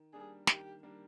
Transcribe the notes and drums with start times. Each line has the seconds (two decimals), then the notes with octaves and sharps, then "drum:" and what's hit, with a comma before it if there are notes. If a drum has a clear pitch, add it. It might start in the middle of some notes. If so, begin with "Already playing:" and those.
Already playing: D#3
0.13 G3 A#3 D4 G#4
0.47 D#3 G4, drum: snare
0.83 G3 A#3 D4